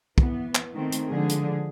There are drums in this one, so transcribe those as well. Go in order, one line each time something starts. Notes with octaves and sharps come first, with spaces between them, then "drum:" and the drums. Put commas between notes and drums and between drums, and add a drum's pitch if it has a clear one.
E3 B3, drum: kick
drum: clap
D#3 A3 C4
drum: hi-hat
D3 F3 G#3 G#4
drum: hi-hat